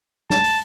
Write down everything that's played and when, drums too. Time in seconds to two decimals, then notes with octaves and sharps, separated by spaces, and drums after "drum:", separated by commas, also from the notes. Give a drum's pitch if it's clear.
0.30 A5, drum: snare
0.44 drum: open hi-hat